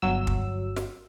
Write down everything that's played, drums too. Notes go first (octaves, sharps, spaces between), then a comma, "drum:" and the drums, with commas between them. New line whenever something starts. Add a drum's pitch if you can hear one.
G1 F#3 E6
drum: kick
drum: snare